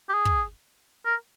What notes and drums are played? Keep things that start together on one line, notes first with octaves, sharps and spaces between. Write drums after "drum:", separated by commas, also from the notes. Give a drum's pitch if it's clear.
G4
G#4
drum: kick
A#4